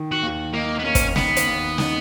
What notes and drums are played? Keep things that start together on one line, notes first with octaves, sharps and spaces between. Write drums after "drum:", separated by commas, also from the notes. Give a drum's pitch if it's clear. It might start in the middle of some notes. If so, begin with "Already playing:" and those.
Already playing: D#3
F#4
D#2
A#3 D#4
B3
A#3 C#4
drum: kick, hi-hat
D#3 B3, drum: snare
drum: hi-hat
D#2
D#4, drum: snare